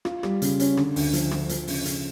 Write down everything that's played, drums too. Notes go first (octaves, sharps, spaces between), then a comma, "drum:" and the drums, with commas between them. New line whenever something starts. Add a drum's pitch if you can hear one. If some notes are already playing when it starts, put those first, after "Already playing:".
F4, drum: rim click
G3, drum: rim click
C#3, drum: hi-hat
C#4, drum: hi-hat
D3, drum: rim click
D2, drum: open hi-hat
F3, drum: hi-hat
F3, drum: rim click
F3, drum: hi-hat
C#3, drum: open hi-hat
C#3, drum: hi-hat